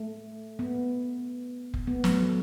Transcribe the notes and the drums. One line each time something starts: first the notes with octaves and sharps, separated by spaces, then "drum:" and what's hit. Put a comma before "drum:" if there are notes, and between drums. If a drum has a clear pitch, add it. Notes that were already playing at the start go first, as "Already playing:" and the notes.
Already playing: A3
B3
drum: kick F1
B3
F#3, drum: snare
A3